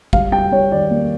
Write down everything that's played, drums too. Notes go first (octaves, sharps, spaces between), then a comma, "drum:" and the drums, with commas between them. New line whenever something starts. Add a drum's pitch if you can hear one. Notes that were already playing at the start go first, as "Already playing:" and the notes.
G3 F5, drum: kick G#1
G3 G5
G3 C#5
D#3 D5
A#3